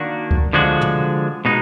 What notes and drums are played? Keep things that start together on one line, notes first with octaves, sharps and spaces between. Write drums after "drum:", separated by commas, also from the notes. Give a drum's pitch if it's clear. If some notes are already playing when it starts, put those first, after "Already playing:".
Already playing: D#3 A#3 D4 F#4
drum: kick C#2
D3 F3 G#3 D4 F#4
drum: tom
B2 G#3 D#4